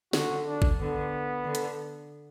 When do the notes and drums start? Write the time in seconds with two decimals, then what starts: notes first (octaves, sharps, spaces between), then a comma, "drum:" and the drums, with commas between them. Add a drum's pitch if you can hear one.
0.13 D3 F#4, drum: snare
0.47 D4
0.62 drum: kick G#1
0.79 D3 B3
1.45 D3
1.55 drum: hi-hat